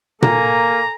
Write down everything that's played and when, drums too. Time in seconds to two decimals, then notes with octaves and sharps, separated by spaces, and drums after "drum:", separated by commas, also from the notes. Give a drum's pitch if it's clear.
0.22 A#3 A4 G#5 A#5, drum: tom A#2